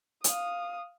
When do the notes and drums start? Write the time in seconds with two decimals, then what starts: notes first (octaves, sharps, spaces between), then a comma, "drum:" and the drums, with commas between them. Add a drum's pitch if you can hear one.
0.24 F5 D#6, drum: hi-hat